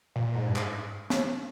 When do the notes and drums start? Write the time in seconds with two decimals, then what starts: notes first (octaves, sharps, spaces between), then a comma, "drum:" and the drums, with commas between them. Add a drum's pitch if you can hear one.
0.16 A#2
0.35 G#2
0.46 G2
0.56 G#2, drum: clap
1.10 drum: snare